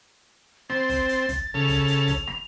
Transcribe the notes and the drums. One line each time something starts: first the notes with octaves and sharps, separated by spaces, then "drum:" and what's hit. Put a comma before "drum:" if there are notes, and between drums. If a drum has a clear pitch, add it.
C4 A6, drum: rim click
drum: kick, open hi-hat
drum: hi-hat
drum: kick, hi-hat
C#3 A4 F7
drum: kick, open hi-hat
drum: hi-hat
drum: kick, hi-hat
drum: rim click